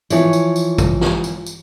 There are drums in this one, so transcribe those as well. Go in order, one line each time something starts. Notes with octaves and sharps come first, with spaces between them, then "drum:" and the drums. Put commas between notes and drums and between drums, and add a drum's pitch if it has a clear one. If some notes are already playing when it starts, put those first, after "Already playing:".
E3 F3 C#5, drum: tambourine
drum: tambourine
drum: tambourine
drum: kick A1, tambourine
drum: snare
drum: tambourine
drum: tambourine